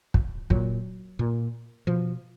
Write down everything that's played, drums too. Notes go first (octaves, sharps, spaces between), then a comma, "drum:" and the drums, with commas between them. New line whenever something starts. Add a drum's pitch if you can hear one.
drum: kick
A#2 F#3, drum: kick
A#2
B2 F3